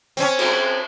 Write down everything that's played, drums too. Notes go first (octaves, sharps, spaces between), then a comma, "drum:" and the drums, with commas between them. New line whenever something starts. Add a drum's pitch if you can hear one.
C4 C#4, drum: hi-hat
drum: cymbal